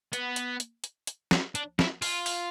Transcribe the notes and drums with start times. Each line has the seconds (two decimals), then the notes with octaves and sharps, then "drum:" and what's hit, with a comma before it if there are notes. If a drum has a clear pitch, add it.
0.13 B3, drum: hi-hat
0.36 drum: hi-hat
0.60 drum: hi-hat
0.84 drum: hi-hat
1.07 drum: hi-hat
1.31 drum: snare
1.55 D4, drum: hi-hat
1.79 E4, drum: snare
2.02 F4, drum: open hi-hat
2.26 drum: open hi-hat